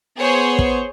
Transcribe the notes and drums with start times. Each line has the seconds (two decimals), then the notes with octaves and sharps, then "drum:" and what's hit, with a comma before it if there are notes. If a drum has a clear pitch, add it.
0.18 B3 G#4 C5 C#5
0.59 drum: kick